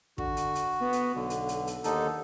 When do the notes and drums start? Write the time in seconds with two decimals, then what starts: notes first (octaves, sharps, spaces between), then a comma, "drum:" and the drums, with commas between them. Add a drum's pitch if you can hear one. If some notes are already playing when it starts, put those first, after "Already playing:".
0.18 D3 F#4, drum: kick
0.37 drum: hi-hat
0.55 drum: hi-hat
0.81 B3
0.93 drum: hi-hat
1.15 B1 D3
1.30 drum: hi-hat
1.49 drum: hi-hat
1.67 drum: hi-hat
1.84 D#2 D3 D#4 A4, drum: hi-hat